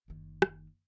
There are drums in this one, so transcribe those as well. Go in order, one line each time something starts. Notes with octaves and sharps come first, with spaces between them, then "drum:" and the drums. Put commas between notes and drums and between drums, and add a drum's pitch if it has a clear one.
F#1 D#3
drum: rim click